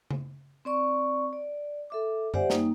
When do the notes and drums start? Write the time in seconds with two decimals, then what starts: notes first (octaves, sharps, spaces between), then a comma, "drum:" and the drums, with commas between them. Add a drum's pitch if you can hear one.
0.11 drum: tom C#3
0.65 C4 D5 C#6
1.33 D5
1.90 A4 E5 D6
2.34 G4 C5 D5 E5 F#5 G#5, drum: tom F#2
2.50 G3 A#3 D#4, drum: snare